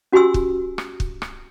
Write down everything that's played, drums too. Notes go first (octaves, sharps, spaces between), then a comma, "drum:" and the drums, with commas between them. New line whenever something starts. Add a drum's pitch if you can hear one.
C#4 F#4 G4 G#5 C6 E6
drum: kick
drum: rim click
drum: kick
drum: rim click